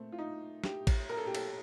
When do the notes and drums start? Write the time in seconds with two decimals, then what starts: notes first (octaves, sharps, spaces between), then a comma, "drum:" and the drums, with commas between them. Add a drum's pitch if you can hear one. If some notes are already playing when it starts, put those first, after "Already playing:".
Already playing: A#2 A3 C4
0.12 F4
0.18 D#4
0.64 G4, drum: snare
0.87 drum: kick A1, cymbal
1.09 A#4
1.17 A4
1.26 G4
1.35 A4, drum: cymbal